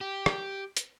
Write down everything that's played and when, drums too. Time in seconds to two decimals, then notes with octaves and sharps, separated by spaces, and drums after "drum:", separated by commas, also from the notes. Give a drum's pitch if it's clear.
0.01 G4
0.26 drum: rim click
0.77 drum: hi-hat